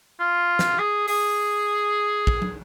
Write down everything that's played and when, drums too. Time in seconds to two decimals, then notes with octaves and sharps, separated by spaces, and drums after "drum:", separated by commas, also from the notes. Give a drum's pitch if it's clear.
0.20 F4
0.59 drum: snare
0.79 G#4
1.08 G#4, drum: open hi-hat
2.27 drum: kick
2.42 drum: tom